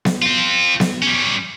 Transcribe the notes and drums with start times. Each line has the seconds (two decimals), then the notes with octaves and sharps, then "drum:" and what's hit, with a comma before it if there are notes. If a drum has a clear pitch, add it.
0.05 drum: snare B3
0.22 C4 F4
0.80 drum: snare B3
1.02 G3 C#4